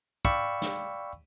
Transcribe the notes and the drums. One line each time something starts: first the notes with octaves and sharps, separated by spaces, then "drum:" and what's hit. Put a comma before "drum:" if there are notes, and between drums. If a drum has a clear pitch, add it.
D5 F5 G5 B5 C#6 E6, drum: kick
drum: snare